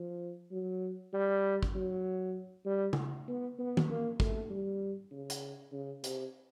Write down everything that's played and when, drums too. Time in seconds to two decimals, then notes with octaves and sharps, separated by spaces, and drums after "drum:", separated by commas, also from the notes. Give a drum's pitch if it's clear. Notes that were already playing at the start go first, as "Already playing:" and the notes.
Already playing: F3
0.51 F#3
1.13 G3
1.63 drum: kick
1.75 F#3
2.66 G3
2.93 drum: tom C#3
3.28 B3
3.59 B3
3.77 drum: tom
3.89 A#3
4.20 A3, drum: kick
4.50 G3
5.11 C#3
5.30 drum: hi-hat
5.72 C#3
6.04 C3, drum: hi-hat